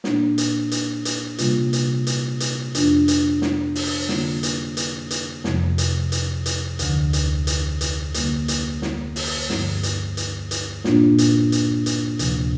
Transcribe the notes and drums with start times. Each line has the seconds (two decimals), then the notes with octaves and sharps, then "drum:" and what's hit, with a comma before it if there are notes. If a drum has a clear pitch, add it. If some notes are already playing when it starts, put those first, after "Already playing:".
0.04 A#2 A#3 D4, drum: snare
0.38 drum: hi-hat
0.71 drum: hi-hat
1.05 drum: hi-hat
1.38 C3 G3 A#3 F4, drum: hi-hat
1.73 drum: hi-hat
2.07 drum: hi-hat
2.40 drum: hi-hat
2.75 F2 F3 D4 F4, drum: hi-hat
3.08 drum: hi-hat
3.42 drum: snare
3.75 drum: open hi-hat
4.09 D3 G3 A#3 F4, drum: snare
4.43 drum: hi-hat
4.77 drum: hi-hat
5.11 drum: hi-hat
5.44 F2 C3 F3, drum: snare
5.78 drum: hi-hat
6.12 drum: hi-hat
6.46 drum: hi-hat
6.79 D2 D3 F3, drum: hi-hat
7.13 drum: hi-hat
7.47 drum: hi-hat
7.81 drum: hi-hat
8.14 D3 G3 A#3, drum: hi-hat
8.48 drum: hi-hat
8.82 drum: snare
9.16 drum: open hi-hat
9.50 G2 D3 F3, drum: snare
9.83 drum: hi-hat
10.17 drum: hi-hat
10.51 drum: hi-hat
10.84 A#2 A#3 D4 F4, drum: snare
11.18 drum: hi-hat
11.52 drum: hi-hat
11.86 drum: hi-hat
12.19 D2 C3 F3, drum: hi-hat